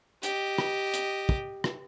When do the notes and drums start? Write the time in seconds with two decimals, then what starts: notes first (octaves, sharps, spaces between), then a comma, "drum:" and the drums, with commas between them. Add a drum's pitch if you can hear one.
0.23 G4 D#5, drum: hi-hat
0.58 drum: rim click
0.94 drum: hi-hat
1.29 drum: kick
1.64 drum: rim click